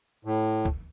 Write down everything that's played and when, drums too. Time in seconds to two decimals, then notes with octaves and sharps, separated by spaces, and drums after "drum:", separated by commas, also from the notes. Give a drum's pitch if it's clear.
0.25 A2
0.65 drum: kick